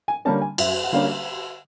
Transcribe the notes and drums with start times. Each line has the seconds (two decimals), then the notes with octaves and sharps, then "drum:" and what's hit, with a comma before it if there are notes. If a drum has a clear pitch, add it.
0.08 G#5
0.25 D3 G3 A#3 C#4 A5
0.41 G#5
0.58 F#2 E5, drum: cymbal
0.84 F#5
0.92 D3 G3 A#3 C#4 F5